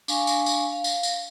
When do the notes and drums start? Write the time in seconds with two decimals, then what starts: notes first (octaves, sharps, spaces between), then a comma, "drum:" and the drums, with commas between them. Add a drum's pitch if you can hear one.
0.08 D4 F5 G#5 C#6, drum: tambourine
0.27 drum: tambourine
0.46 drum: tambourine
0.72 F5
0.84 drum: tambourine
1.03 drum: tambourine